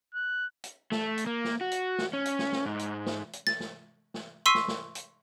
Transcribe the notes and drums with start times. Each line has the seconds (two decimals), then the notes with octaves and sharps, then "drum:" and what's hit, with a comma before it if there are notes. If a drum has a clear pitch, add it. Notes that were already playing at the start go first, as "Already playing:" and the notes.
0.14 F#6
0.64 drum: hi-hat
0.92 A3, drum: snare
1.18 drum: hi-hat
1.27 A#3
1.45 drum: snare
1.61 F#4
1.71 drum: hi-hat
1.98 drum: snare
2.13 C#4
2.25 drum: hi-hat
2.39 drum: snare
2.52 drum: snare
2.66 G#2
2.79 drum: hi-hat
3.06 drum: snare
3.33 drum: hi-hat
3.47 A6, drum: snare
3.60 drum: snare
4.14 drum: snare
4.46 C6 C#6 E6 B6 C7 D#7
4.55 drum: snare
4.68 drum: snare
4.95 drum: hi-hat